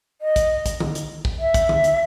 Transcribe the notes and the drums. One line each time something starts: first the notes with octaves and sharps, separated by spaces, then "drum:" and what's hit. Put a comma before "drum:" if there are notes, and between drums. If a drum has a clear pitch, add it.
D#5
drum: kick, hi-hat
drum: kick, hi-hat
drum: tom D3
drum: hi-hat
drum: kick
E5
drum: kick, hi-hat
drum: tom D3
drum: hi-hat